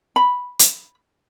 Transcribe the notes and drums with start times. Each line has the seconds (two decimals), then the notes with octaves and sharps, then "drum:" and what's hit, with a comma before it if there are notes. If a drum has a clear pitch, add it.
0.16 B5
0.59 drum: hi-hat